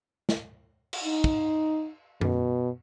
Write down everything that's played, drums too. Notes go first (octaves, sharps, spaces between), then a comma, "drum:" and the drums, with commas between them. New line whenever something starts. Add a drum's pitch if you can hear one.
drum: snare
drum: cymbal
D#4
drum: kick
B2, drum: tom F#2